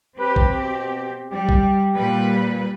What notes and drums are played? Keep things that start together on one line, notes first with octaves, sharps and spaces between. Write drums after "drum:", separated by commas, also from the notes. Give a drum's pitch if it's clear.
C4 G4 B4
drum: kick
B2
G3 G4
drum: kick
A#2 G3 B4